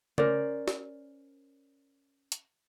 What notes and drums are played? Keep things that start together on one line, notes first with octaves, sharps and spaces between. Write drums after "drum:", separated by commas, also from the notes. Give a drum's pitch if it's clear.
C#4 A#4 C5 D5, drum: tom C#3
drum: snare
drum: hi-hat